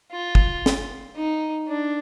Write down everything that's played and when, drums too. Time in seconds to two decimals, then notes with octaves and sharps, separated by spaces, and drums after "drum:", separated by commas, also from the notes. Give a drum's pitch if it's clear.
0.12 F4
0.35 drum: kick
0.66 drum: snare
1.16 D#4
1.68 D4